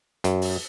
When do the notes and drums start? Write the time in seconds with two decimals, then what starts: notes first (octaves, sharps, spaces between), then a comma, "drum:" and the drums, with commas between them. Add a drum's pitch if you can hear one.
0.24 F#2, drum: hi-hat
0.42 drum: open hi-hat